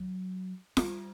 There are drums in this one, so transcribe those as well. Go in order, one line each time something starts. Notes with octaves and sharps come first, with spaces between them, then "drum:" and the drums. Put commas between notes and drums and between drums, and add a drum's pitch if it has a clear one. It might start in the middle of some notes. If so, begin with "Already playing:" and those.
Already playing: F#3
G3, drum: snare F4